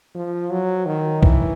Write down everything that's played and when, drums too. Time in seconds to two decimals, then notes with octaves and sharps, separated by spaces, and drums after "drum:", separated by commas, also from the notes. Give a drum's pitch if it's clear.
0.15 F3
0.51 F#3
0.86 D#3
1.23 E3, drum: kick B1